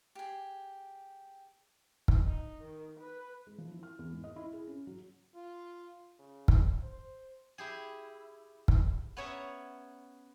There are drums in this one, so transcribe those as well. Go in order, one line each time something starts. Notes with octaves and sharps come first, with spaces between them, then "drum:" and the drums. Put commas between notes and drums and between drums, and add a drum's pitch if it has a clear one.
G4 G#4
drum: kick
D#4
D#3
B4
G#3
F3
E4
F6
E2
G#2
D#5
E4
G#4
C#4
F#3
F4
C#3
drum: kick
C5
E4 G4 G#4
drum: kick
B3 C#4 C#5 E5 A#5